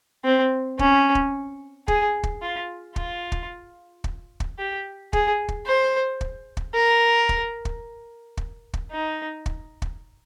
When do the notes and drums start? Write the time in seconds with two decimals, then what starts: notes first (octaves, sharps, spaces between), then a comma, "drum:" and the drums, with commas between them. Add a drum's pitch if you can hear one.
0.25 C4
0.79 C#4, drum: kick
1.15 drum: kick
1.88 G#4, drum: kick
2.23 drum: kick
2.42 F4
2.96 F4, drum: kick
3.32 drum: kick
4.04 drum: kick
4.40 drum: kick
4.58 G4
5.13 G#4, drum: kick
5.48 drum: kick
5.66 C5
6.21 drum: kick
6.57 drum: kick
6.74 A#4
7.29 drum: kick
7.65 drum: kick
8.37 drum: kick
8.74 drum: kick
8.91 D#4
9.46 drum: kick
9.82 drum: kick